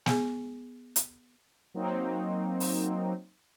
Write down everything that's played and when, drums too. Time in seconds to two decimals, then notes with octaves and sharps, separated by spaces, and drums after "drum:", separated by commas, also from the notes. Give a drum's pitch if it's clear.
0.06 B3 G#4, drum: snare
0.96 drum: hi-hat
1.74 F#3 A#3 C4 D#4
2.60 drum: open hi-hat